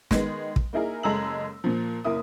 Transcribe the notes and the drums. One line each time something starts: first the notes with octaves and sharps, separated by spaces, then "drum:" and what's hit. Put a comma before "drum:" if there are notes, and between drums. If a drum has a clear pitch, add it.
D#3 G#3 B3, drum: snare
drum: kick
A#3 D#4 E4 G#4 A#4
F#1 G#3 A4 A#5 E6 F#7
A#2 F3
F#1 A#3 E4 D#6